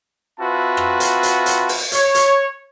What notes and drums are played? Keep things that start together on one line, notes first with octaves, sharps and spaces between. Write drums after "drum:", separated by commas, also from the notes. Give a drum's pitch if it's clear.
C4 F4 F#4 B4 E5 A5
drum: rim click
drum: hi-hat
drum: hi-hat
drum: hi-hat
drum: open hi-hat
C#5, drum: hi-hat
drum: hi-hat